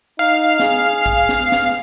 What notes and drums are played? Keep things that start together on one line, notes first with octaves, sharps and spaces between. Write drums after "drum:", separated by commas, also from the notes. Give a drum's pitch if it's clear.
D#4 F5
G#4, drum: snare
drum: kick
drum: snare
drum: snare